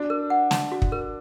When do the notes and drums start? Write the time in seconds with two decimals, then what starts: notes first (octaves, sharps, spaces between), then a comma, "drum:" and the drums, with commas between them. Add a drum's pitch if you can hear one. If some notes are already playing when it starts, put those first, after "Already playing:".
Already playing: D4 F#4
0.10 A#4
0.30 F#5
0.51 A5, drum: snare
0.72 F#4
0.82 drum: kick
0.92 A#4